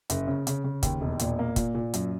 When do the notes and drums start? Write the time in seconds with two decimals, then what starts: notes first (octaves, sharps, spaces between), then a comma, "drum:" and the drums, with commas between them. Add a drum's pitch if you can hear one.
0.10 F#1, drum: hi-hat
0.27 C#3
0.47 C#3, drum: hi-hat
0.64 C#3
0.83 D#2, drum: kick, hi-hat
1.01 E1
1.19 A#2, drum: hi-hat
1.39 A#3
1.56 A#2, drum: kick, hi-hat
1.74 A#2
1.94 F#2, drum: hi-hat